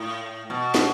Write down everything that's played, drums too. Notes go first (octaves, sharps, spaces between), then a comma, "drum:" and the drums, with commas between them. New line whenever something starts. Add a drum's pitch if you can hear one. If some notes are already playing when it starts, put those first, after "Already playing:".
Already playing: A2
B2
drum: snare